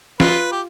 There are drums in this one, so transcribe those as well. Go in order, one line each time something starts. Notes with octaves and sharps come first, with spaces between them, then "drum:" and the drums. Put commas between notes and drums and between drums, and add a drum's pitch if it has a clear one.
F4 B4, drum: snare
G4